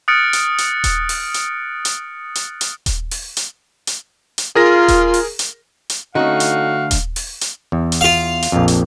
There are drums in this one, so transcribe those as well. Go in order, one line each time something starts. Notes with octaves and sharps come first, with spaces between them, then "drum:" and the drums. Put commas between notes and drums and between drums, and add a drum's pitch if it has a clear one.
D#6 F6 F#6 A6 C#7 D7
drum: hi-hat
drum: hi-hat
drum: kick D#1, hi-hat
drum: open hi-hat
drum: hi-hat
drum: hi-hat
drum: hi-hat
drum: hi-hat
drum: kick D#1, hi-hat
drum: open hi-hat
drum: hi-hat
drum: hi-hat
drum: hi-hat
F4 G#4 A#4 A#6
drum: kick D#1, hi-hat
drum: open hi-hat
drum: hi-hat
drum: hi-hat
D3 A3 C4 C#4 D#4 F#4 F5
drum: hi-hat
drum: kick D#1, hi-hat
drum: open hi-hat
drum: hi-hat
E2
drum: hi-hat
F4 F5
drum: hi-hat
A#1 F2
drum: hi-hat